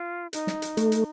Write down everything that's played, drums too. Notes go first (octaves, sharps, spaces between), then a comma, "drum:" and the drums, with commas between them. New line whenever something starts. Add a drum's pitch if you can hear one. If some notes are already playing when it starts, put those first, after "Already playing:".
Already playing: F4
D#4, drum: hi-hat
drum: snare
drum: hi-hat
A3, drum: hi-hat
drum: hi-hat